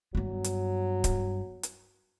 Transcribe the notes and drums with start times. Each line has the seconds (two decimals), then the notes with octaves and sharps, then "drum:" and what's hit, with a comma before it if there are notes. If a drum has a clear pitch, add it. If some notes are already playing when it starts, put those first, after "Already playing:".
0.15 G2 F#3 B3
0.44 drum: hi-hat
1.04 drum: kick D1, hi-hat
1.63 drum: hi-hat